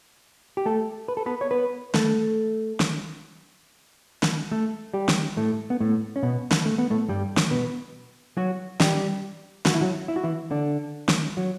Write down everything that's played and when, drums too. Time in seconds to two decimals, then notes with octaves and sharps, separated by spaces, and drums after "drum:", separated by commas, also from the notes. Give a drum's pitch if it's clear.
0.57 G4
0.66 A3 A4
1.08 B4
1.17 A4
1.26 B3 B4
1.41 C#5
1.51 B3 B4
1.94 A3 A4, drum: snare
2.80 drum: snare
4.23 drum: snare
4.51 A3 A4
4.93 G3 G4
5.09 drum: snare
5.37 A2 A3
5.70 B3
5.80 A2 A3
6.16 C#4
6.23 B2 B3
6.51 drum: snare
6.65 A3
6.78 B3
6.90 A2 A3
7.09 G2 G3
7.37 drum: snare
7.51 B2 B3
8.37 F#3 F#4
8.80 G3 G4, drum: snare
9.66 F#4, drum: snare
9.74 E4
9.81 F#3 F#4
10.08 E4
10.16 F#4
10.24 E3 E4
10.51 D3 D4
11.09 drum: snare
11.37 F#3